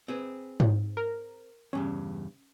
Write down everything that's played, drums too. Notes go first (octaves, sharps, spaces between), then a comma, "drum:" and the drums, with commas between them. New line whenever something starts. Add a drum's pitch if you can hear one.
C4 G#4 B4
drum: tom G#2
A#4
E2 G2 C#3 C#4